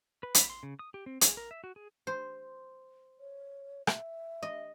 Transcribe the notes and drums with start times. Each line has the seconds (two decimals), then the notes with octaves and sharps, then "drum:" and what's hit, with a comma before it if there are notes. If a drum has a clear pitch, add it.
0.23 B4
0.35 B5, drum: hi-hat
0.50 C6
0.63 C#3
0.79 D#6
0.94 G4
1.06 C4
1.21 G#4, drum: hi-hat
1.37 A#4
1.51 E5
1.64 F#4
1.76 G#4
2.07 C5
3.20 C#5
3.87 E5, drum: rim click
4.43 D#5